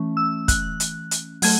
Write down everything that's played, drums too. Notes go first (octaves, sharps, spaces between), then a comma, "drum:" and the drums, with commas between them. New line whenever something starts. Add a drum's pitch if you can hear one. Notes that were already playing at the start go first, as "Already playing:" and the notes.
Already playing: E3 A3 C#4
E6
F#6, drum: kick, hi-hat
drum: hi-hat
drum: hi-hat
F#3 A3 G#6, drum: open hi-hat